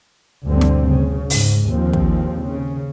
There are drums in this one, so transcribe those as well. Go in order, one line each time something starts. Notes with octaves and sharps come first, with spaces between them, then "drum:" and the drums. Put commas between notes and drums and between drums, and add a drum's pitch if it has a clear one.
D2 G2 B2 D3 C4
drum: snare
C#3
G#2, drum: open hi-hat
A#1 D#2 F3 C4
drum: kick
C#3